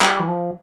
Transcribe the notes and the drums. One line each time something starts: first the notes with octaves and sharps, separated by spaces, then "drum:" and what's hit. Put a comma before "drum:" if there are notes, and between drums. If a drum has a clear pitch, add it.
G3, drum: clap
E3
F3